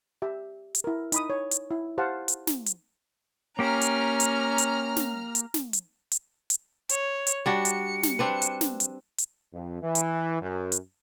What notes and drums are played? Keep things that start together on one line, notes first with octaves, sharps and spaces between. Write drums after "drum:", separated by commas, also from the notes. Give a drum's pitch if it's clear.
G4 E5
drum: hi-hat
E4 A#4
D#4 B5 D#6, drum: hi-hat
C#5
drum: hi-hat
E4
G4 C5 F5 F#5 A5
drum: hi-hat
drum: snare
drum: hi-hat
A#3 C#4 G4 A#5 F6
drum: hi-hat
drum: hi-hat
drum: hi-hat
drum: snare
drum: hi-hat
drum: snare
drum: hi-hat
drum: hi-hat
drum: hi-hat
C#5, drum: hi-hat
drum: hi-hat
G3 D4 F#4 C#7
drum: hi-hat
drum: snare
C4 D4 B4
drum: hi-hat
drum: snare
drum: hi-hat
drum: hi-hat
F2
E3
drum: hi-hat
F#2
drum: hi-hat